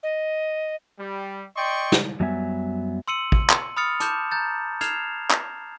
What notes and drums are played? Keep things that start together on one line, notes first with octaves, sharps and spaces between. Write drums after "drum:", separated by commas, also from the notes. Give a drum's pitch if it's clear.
D#5
G3
D5 D#5 G5 C6 C#6
drum: snare
F#2 F#3 G3 B3 E5 G#5
C6 E6 C#7 D#7 F#7
drum: kick
drum: clap
B5 D#6 F6 A6 C#7 F7
A5 D6 G6 E7, drum: hi-hat
A#5 G6 A6
F6 G#6 C7 E7 F7, drum: hi-hat
drum: clap